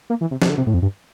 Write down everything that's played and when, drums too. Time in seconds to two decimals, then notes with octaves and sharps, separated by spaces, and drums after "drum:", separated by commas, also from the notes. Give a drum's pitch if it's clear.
0.10 A#3
0.21 E3
0.31 C3
0.42 C3, drum: snare
0.50 D3
0.58 C3
0.67 A2
0.74 F2
0.82 G2